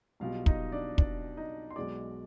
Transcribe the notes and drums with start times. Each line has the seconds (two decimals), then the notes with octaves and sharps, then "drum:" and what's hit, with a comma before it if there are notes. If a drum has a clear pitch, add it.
0.20 B1 B2 G3 F4 F5
0.46 D#4 D#5, drum: kick
0.72 D4 D5
0.98 D4 D5, drum: kick
1.37 D#4 D#5
1.70 C6
1.76 B1 B2 G#3 D5 D6